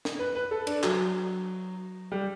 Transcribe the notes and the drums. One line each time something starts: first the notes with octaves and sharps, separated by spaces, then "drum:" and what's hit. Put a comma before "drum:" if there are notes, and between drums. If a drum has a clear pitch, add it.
drum: snare
B4
B4
A4
D4, drum: cymbal
F#3, drum: clap
G3